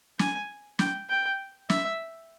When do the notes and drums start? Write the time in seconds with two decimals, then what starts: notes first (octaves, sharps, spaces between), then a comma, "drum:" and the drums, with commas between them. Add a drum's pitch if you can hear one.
0.19 G#5, drum: snare
0.79 G5, drum: snare
1.09 G5
1.70 E5, drum: snare